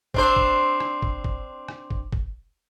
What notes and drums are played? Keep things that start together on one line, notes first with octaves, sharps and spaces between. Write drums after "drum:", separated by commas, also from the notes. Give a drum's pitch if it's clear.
C4 D4 C5, drum: kick
drum: kick
drum: rim click
drum: kick
drum: kick
drum: rim click
drum: kick
drum: kick